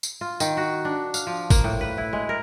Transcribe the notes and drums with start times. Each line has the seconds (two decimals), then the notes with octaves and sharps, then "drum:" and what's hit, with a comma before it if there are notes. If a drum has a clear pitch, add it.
0.03 drum: tambourine
0.21 F4
0.40 D#3, drum: tambourine
0.57 F#4
0.85 D4
1.14 F5, drum: tambourine
1.27 F3
1.50 A#3, drum: kick G1, tambourine
1.64 A2
1.81 B4
1.98 E4
2.13 G#3
2.29 A#4